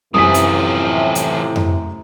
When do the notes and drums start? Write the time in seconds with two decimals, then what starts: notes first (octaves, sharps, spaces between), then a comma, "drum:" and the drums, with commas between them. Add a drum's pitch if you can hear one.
0.14 F#2 A2 C3 E3 F3 G#5 D#6 B6
0.34 drum: hi-hat
1.15 drum: hi-hat
1.56 drum: tom F2